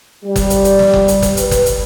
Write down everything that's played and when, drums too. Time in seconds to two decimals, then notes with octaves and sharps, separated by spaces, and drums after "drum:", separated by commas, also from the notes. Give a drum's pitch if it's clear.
0.25 G3
0.36 drum: kick F#1, hi-hat
0.50 drum: hi-hat
0.65 drum: hi-hat
0.79 drum: snare
0.94 drum: kick F#1
1.08 drum: hi-hat
1.22 drum: kick F#1, hi-hat
1.37 B4, drum: hi-hat
1.51 drum: kick F#1, hi-hat
1.66 drum: hi-hat